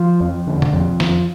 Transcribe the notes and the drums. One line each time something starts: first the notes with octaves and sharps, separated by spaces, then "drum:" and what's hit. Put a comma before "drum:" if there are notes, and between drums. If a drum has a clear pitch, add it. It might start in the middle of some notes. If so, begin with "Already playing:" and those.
Already playing: F3
F2
D3
drum: tom B2
F2
F3, drum: snare